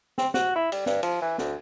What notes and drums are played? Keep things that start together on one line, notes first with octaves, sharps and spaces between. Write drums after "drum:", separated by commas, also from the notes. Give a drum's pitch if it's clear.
C4, drum: snare
F#4, drum: snare
E4
G3, drum: cymbal
G2, drum: snare
F3, drum: cymbal
E3
D2, drum: snare